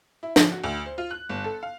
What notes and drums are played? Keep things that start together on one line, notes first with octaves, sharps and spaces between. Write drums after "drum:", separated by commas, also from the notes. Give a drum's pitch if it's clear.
E4
F3, drum: snare
F#4
D2
C5
F4
F#6
G1
A4
F5